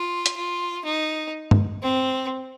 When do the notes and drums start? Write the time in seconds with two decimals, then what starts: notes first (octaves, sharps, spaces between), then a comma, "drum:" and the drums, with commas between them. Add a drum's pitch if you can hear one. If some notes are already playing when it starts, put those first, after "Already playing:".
Already playing: F4
0.26 drum: hi-hat
0.37 F4
0.85 D#4
1.51 drum: tom G2
1.83 C4